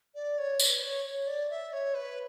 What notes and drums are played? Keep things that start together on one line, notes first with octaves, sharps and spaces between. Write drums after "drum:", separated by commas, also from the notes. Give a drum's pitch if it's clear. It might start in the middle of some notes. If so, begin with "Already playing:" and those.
D5
C#5
B4, drum: tambourine
C#5
C#5
D5
E5
C#5
B4